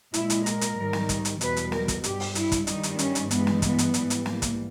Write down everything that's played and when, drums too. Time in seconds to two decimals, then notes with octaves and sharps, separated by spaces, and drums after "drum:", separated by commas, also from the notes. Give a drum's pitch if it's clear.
0.14 A#2 G#3 E4, drum: hi-hat
0.30 drum: hi-hat
0.46 A#4, drum: hi-hat
0.61 drum: hi-hat
0.77 G#2 D#3 G3
0.93 drum: snare
1.09 drum: kick, hi-hat
1.25 drum: hi-hat
1.41 E2 B2 G3 B4, drum: hi-hat
1.57 drum: hi-hat
1.72 A#4, drum: snare
1.88 drum: kick, hi-hat
2.04 G2 G3 G4, drum: hi-hat
2.20 drum: open hi-hat
2.35 E4, drum: hi-hat
2.52 drum: kick, hi-hat
2.67 G2 D#3 G3 D#4, drum: hi-hat
2.83 drum: hi-hat
2.99 C#4, drum: hi-hat
3.15 drum: hi-hat
3.31 G2 E3 G#3 B3, drum: hi-hat
3.47 drum: snare
3.62 B3, drum: kick, hi-hat
3.78 drum: hi-hat
3.94 G#2 E3 G3, drum: hi-hat
4.10 drum: hi-hat
4.26 A#3, drum: snare
4.42 drum: kick, hi-hat